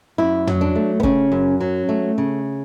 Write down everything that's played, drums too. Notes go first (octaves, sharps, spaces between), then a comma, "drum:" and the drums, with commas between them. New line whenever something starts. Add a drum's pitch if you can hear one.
F#2 E4
F#3, drum: tom
D4
A3
B3
C#3 C#4, drum: kick
F#2
F#3
A3
C#3